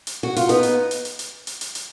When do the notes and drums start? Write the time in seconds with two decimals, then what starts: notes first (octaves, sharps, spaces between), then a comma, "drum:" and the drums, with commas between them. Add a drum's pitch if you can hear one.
0.07 drum: hi-hat
0.23 F#4
0.36 F4, drum: hi-hat
0.49 B3 D#4, drum: hi-hat
0.63 drum: hi-hat
0.91 drum: hi-hat
1.05 drum: hi-hat
1.19 drum: hi-hat
1.47 drum: hi-hat
1.61 drum: hi-hat
1.75 drum: hi-hat